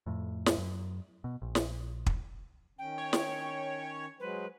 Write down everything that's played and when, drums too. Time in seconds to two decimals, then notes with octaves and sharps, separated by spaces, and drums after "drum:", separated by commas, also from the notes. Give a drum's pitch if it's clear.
0.06 F2 A2
0.46 drum: snare
0.58 F#2
1.24 B2
1.42 A#1
1.55 drum: snare
2.06 drum: kick
2.79 D#3 C#4 G5
2.98 C#5
3.13 drum: snare
4.20 F#3 G#3 B4 C5